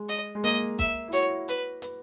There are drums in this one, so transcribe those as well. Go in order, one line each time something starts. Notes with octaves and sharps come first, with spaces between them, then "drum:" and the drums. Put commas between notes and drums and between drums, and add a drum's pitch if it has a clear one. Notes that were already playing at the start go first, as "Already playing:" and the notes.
Already playing: G#3
D#5, drum: hi-hat
G#3
A#3 D#5, drum: hi-hat
E5, drum: kick, hi-hat
E4
F#4 C#5, drum: hi-hat
B4, drum: hi-hat
B4, drum: hi-hat